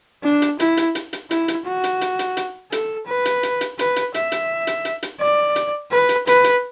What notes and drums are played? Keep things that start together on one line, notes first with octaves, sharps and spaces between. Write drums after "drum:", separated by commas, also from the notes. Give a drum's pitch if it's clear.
D4
drum: hi-hat
E4, drum: hi-hat
drum: hi-hat
drum: hi-hat
drum: hi-hat
E4, drum: hi-hat
drum: hi-hat
F#4
drum: hi-hat
drum: hi-hat
drum: hi-hat
drum: hi-hat
A4, drum: hi-hat
B4
drum: hi-hat
drum: hi-hat
drum: hi-hat
B4, drum: hi-hat
drum: hi-hat
E5, drum: hi-hat
drum: hi-hat
drum: hi-hat
drum: hi-hat
drum: hi-hat
D5
drum: hi-hat
B4
drum: hi-hat
B4, drum: hi-hat
drum: hi-hat